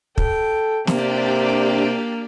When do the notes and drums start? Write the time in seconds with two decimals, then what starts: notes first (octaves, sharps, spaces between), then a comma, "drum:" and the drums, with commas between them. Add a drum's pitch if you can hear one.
0.18 A4 G5, drum: kick
0.87 C3 A#3 D4 G4 D5, drum: snare